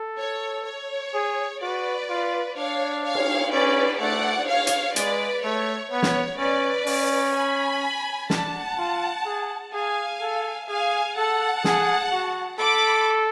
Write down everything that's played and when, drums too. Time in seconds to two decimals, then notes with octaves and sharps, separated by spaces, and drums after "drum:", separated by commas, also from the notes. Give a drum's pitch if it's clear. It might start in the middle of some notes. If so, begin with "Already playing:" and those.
Already playing: A4
0.19 C#5
0.66 C#5
1.14 G#4
1.61 F#4 B4 D5
2.09 F4
2.57 D4 C#5 F5
3.05 C#5 F5
3.15 drum: cymbal
3.52 C#4 B4 D5
4.00 A3 D5 F#5
4.48 C#5 F5
4.67 drum: hi-hat
4.96 G#3 B4 D5, drum: hi-hat
5.44 A3 C#5
5.92 B3 C#5
6.03 drum: snare
6.39 C#4 B4 D5
6.87 C#4, drum: open hi-hat
7.35 G#5 B5
8.30 D4 F#5 A5, drum: snare
8.78 F4
9.26 G#4
9.73 G#4 F5 G#5
10.21 A4
10.68 G#4 F5 G#5
11.17 A4 F#5 A5
11.64 G#4, drum: snare
12.12 F#4
12.60 A4 B5 D6